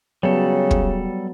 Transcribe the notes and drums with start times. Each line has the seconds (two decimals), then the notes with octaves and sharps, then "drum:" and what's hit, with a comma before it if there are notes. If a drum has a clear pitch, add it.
0.23 C#3 F#3 G3 B3 A4
0.71 drum: kick